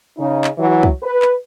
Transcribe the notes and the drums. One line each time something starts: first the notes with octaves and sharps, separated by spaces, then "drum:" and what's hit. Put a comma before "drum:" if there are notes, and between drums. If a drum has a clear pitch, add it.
C#3 D#4
drum: clap
E3 F#3 E4 F#4
drum: kick
B4
drum: clap